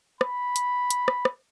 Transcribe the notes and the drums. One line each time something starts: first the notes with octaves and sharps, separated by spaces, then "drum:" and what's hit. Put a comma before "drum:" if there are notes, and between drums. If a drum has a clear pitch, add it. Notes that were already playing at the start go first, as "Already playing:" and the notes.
B5, drum: rim click
drum: hi-hat
drum: hi-hat
drum: rim click
drum: rim click